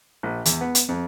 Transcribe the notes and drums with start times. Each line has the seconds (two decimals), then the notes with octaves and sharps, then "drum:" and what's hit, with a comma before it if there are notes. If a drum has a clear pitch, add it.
0.23 A#1
0.45 E2, drum: hi-hat
0.61 B3
0.75 drum: hi-hat
0.89 F2